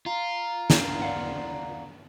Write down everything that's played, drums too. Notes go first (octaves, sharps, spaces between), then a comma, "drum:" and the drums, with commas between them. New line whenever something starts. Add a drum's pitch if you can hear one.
F4 A#5
drum: snare
D5 F5 F#5